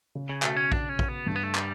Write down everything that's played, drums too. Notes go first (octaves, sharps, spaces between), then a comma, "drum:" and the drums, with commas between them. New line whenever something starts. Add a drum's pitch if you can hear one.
C#3
C#3
B2 A3, drum: clap
C#4
D4, drum: kick A#1
C#4
drum: kick A#1
B3
G2 A3
B3
A3
G3, drum: clap